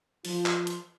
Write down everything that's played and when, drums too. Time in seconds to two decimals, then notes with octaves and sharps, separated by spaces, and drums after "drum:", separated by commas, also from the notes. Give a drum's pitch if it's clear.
0.25 F3 F4, drum: open hi-hat
0.46 drum: clap
0.67 drum: hi-hat